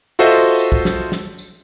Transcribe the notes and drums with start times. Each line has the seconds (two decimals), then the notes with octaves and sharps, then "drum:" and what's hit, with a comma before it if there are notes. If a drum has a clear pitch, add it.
0.19 F4 F#4 A4 C5 D#5 E5
0.32 drum: tambourine
0.59 drum: tambourine
0.72 drum: kick
0.85 drum: snare
1.12 drum: snare
1.38 drum: tambourine